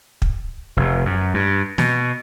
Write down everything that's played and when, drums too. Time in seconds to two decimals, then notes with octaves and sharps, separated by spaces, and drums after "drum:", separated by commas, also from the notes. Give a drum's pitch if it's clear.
0.22 drum: kick
0.77 F1
1.05 F#2
1.34 G2
1.78 B2, drum: snare